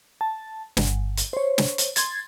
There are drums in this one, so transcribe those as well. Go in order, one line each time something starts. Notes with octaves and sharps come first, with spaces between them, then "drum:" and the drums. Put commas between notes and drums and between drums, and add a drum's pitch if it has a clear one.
A5
G1, drum: snare
drum: hi-hat
C5 C#5
drum: snare
drum: hi-hat
C6 G#6 A6, drum: hi-hat